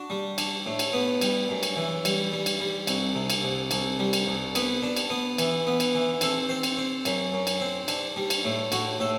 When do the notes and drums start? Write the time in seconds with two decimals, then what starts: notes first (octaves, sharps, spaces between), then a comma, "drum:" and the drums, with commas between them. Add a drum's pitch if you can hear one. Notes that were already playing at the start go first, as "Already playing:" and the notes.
Already playing: D4 F#4
0.10 G3
0.38 D4, drum: cymbal
0.66 A2
0.79 drum: cymbal
0.93 B3
1.21 G3, drum: cymbal
1.49 F#2
1.63 drum: cymbal
1.76 E3
2.05 G3, drum: cymbal
2.32 G3
2.46 drum: cymbal
2.60 G3
2.87 C2, drum: cymbal
3.15 C3
3.30 drum: cymbal
3.43 C2
3.71 C2, drum: cymbal
3.99 G3
4.13 drum: cymbal
4.27 C2
4.55 B3, drum: cymbal
4.83 D4
4.96 drum: cymbal
5.10 B3
5.38 E3, drum: cymbal
5.67 B3
5.80 drum: cymbal
5.94 E3
6.21 C4 A4, drum: cymbal
6.49 C4 C5
6.63 drum: cymbal
6.77 C4
7.05 F#2, drum: cymbal
7.32 F#2
7.47 drum: cymbal
7.60 C4
7.88 D4, drum: cymbal
8.16 G3
8.30 drum: cymbal
8.44 A2
8.72 A2 F#4, drum: cymbal
8.99 A2 A4